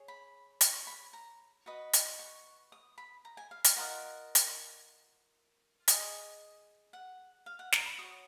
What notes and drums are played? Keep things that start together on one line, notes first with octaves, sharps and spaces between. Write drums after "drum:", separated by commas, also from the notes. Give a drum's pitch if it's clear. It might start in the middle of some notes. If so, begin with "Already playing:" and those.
Already playing: G#4 C#5
B5
C#6, drum: hi-hat
B5
A#5
F#4 B4 D#5 B5
drum: hi-hat
C#6
D#6
B5
A#5
G#5
F5
F5, drum: hi-hat
F4 A#4 D#5 F#5
drum: hi-hat
G#4 D#5 G#5, drum: hi-hat
F#5
F5
F#5
A#5, drum: snare
B5
F#4 C#5 D#6